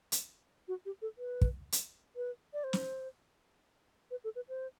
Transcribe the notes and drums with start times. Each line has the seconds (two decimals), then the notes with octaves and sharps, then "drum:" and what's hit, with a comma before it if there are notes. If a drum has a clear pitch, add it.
0.12 drum: hi-hat
0.68 F#4
0.86 G4
1.02 A4
1.18 B4
1.41 drum: kick
1.72 drum: hi-hat
2.16 B4
2.54 D5
2.64 C5
2.73 drum: snare
4.11 B4
4.24 A4
4.36 B4
4.49 C5